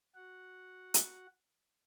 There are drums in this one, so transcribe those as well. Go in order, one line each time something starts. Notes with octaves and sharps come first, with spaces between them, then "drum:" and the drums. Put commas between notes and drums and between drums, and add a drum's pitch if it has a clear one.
F#4 F#5
drum: hi-hat